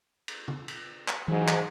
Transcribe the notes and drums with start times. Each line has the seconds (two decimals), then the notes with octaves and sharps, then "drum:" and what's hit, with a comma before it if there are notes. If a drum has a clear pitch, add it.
0.28 drum: cymbal
0.48 drum: tom
0.68 drum: cymbal
1.08 drum: clap
1.28 G#2 E3 F#3
1.48 drum: clap